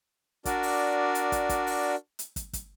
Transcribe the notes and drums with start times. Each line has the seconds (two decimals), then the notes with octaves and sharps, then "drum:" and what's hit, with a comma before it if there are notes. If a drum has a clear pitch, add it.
0.45 D4 F#4 A#4 D5, drum: kick, hi-hat
0.63 drum: open hi-hat
1.15 drum: hi-hat
1.32 drum: kick, hi-hat
1.49 drum: kick, hi-hat
1.67 drum: open hi-hat
2.19 drum: hi-hat
2.36 drum: kick, hi-hat
2.53 drum: kick, hi-hat